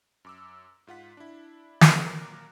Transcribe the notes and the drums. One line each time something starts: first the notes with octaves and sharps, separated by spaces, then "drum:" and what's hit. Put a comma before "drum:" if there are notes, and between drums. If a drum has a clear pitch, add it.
F#2 D6 E6
G#2 F4 F#5 B6
D4 E4
drum: snare
C4 A4 B4 D#5
A#2 F#3 A#4 A#5 D6 F#6